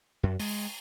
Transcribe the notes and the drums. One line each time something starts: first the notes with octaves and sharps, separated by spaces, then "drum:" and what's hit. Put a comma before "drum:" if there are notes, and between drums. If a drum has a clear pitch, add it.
F#2
G#3, drum: open hi-hat